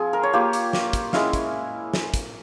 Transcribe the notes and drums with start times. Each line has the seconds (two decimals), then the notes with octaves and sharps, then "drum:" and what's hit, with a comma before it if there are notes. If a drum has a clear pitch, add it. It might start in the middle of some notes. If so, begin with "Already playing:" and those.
Already playing: F3 C4 F4 G#4
0.13 A#4
0.23 C#5
0.33 A#3 F4 G4
0.53 drum: hi-hat
0.73 drum: snare
0.93 drum: kick, hi-hat
1.13 G#3 C#4 E4 F5, drum: snare
1.33 drum: kick, hi-hat
1.94 drum: snare
2.14 drum: kick, hi-hat